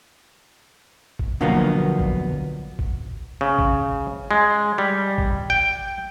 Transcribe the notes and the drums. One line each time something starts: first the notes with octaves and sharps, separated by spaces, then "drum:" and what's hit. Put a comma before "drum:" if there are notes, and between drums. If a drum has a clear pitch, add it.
drum: kick A1
B2 D3 F3 F#3 A#3 B3
drum: kick A1
drum: kick A1
C#3
drum: kick A1
G#3
G3
drum: kick A1
G5